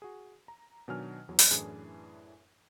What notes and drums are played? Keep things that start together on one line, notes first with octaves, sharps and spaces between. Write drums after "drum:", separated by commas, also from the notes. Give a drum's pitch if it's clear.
F#4 G#4
A#5
B2 D#3 F#3 D4 G#5 F6
E2 F#3 B3
drum: open hi-hat
F#2 A2 E3 D4 G#4